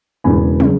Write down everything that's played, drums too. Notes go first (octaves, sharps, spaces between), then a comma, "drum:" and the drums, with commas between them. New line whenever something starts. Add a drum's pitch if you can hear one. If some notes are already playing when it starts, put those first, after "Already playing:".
E1 E2 C#3 G#5 B5
C#3, drum: tom